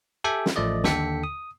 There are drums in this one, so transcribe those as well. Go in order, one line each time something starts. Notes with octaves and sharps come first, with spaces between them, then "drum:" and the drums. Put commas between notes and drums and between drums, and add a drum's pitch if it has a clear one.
G4 A4 E5 G5 G#5
drum: snare
A1 F3 A3 D5 D#5
D#2 D3 A4 G5 B6 C#7, drum: snare
D#6